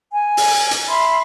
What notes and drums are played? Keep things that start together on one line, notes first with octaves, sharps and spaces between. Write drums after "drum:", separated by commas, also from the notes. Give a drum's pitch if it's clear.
G#5
drum: open hi-hat
drum: hi-hat
E5 B5 C6